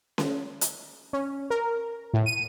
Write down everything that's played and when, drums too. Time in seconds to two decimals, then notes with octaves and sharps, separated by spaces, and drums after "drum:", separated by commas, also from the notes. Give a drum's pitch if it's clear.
0.18 drum: snare C#4
0.61 drum: hi-hat
1.13 C#4
1.50 A#4
2.14 A2
2.26 D#7